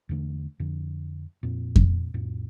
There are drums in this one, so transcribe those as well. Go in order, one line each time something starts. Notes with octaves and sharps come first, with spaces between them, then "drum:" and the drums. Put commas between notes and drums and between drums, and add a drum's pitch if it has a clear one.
E2 D3 A3
F2 D3
F2 A#2
drum: kick F2
C#2 F#2 A#2